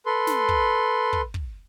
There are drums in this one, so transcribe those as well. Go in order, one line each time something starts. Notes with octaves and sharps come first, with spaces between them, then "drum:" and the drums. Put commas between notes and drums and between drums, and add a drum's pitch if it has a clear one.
A4 B4 C6
drum: snare
drum: kick
drum: kick
drum: kick